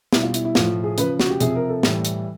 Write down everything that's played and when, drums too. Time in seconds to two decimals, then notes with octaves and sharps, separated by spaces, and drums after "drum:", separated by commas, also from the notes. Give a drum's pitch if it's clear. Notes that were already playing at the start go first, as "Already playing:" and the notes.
0.13 B2 G3 E4, drum: snare
0.23 F4
0.34 E4, drum: hi-hat
0.45 E4
0.55 A2 F3 F4, drum: snare
0.84 G#4
0.98 C#3 F3 B4, drum: hi-hat
1.20 F#4, drum: snare
1.30 G4
1.40 C3 F3 G#4, drum: hi-hat
1.55 A#4
1.69 A4
1.83 A2 E3 G3, drum: snare
2.05 drum: hi-hat